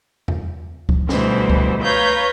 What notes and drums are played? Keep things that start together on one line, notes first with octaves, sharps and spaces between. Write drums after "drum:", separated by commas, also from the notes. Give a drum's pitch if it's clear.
drum: tom E2
drum: kick C#2
D2 B2 E3 G3 C5, drum: snare
drum: kick C#2
B4 C#5 F5 A#5 G6